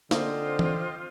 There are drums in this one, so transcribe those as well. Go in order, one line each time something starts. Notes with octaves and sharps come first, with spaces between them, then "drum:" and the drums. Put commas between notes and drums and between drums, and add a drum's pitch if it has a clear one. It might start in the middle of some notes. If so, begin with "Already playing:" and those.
D3 A#3 C4 F4 C5 D#5 D6, drum: snare
drum: tom E3